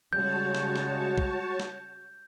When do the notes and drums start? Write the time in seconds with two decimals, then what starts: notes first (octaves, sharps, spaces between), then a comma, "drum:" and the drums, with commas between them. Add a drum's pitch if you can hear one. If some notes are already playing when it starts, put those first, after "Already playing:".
0.13 C#3 G3 G#3 F#4 C#5 A5 G6
0.55 drum: snare
0.76 drum: snare
1.18 drum: kick
1.60 drum: snare